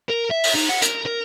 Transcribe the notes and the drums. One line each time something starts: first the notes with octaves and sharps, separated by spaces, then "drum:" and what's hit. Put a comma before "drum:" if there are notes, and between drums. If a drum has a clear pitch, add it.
A#4
E5
drum: open hi-hat
D#4
F#5
A#4, drum: hi-hat
A#4